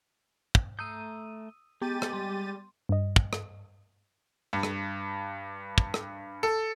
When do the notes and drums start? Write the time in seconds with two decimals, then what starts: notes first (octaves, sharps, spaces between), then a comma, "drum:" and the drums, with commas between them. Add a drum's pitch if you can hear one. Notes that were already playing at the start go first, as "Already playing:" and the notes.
0.55 drum: kick
0.79 A3 A#5 D#6 E6 G6 D#7
1.82 G#3 B3 G4 G6 A6 D#7
2.02 drum: rim click
2.13 G3 C6
2.89 G2 D#5
3.16 drum: kick
3.33 drum: rim click
4.53 G2
4.63 drum: rim click
5.78 drum: kick
5.94 drum: rim click
6.43 A4